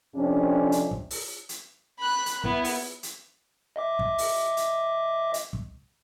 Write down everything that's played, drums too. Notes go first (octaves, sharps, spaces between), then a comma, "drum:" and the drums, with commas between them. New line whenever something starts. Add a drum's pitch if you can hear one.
F2 C3 C#4 D4
drum: hi-hat
drum: kick
drum: open hi-hat
drum: hi-hat
B5 F#6
drum: hi-hat
B3 E4, drum: kick
drum: open hi-hat
drum: hi-hat
D#5 E5 D6
drum: kick
drum: open hi-hat
drum: hi-hat
drum: hi-hat
drum: kick